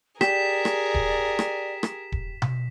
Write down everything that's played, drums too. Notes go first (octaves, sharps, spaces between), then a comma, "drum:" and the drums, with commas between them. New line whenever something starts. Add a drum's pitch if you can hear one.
G4 G#4 A#4 D5 B6 E7, drum: rim click
drum: rim click
drum: kick D#1
drum: rim click
drum: rim click
drum: kick D#1
drum: tom B2